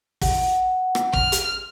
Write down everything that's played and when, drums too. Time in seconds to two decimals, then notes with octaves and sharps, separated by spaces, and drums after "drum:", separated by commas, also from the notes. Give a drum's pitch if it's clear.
0.21 F#5, drum: kick, open hi-hat
0.95 drum: rim click
1.13 F6, drum: kick
1.32 drum: hi-hat